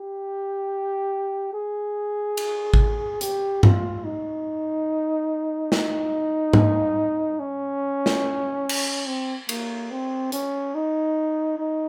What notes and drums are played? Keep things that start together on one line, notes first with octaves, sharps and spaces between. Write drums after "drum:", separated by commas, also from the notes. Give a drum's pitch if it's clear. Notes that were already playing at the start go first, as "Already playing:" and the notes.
Already playing: G4
G#4
drum: cymbal
drum: kick G#1
G4, drum: hi-hat
F4, drum: tom G2
D#4
D#4, drum: snare
drum: tom G#2
C#4
drum: snare
drum: cymbal
C4
A#3, drum: cymbal
C4
C#4, drum: hi-hat
D#4
D#4